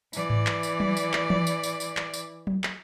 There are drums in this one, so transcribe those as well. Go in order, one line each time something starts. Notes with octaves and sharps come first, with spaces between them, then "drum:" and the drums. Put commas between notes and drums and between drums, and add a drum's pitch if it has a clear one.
E3 D5, drum: tambourine
drum: tom G#2
drum: clap
drum: tambourine
drum: tom F#3
drum: tambourine
drum: clap
drum: tom E3
drum: tambourine
drum: tambourine
drum: tambourine
drum: clap
drum: tambourine
drum: tom F#3
drum: clap